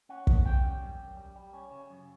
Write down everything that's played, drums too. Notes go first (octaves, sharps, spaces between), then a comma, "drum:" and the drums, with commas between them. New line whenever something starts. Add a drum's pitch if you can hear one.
C#4 F#5
F#2, drum: kick
C#4 G5
G3
F#2
F#2
G3
G3
C#4
C#3
F#2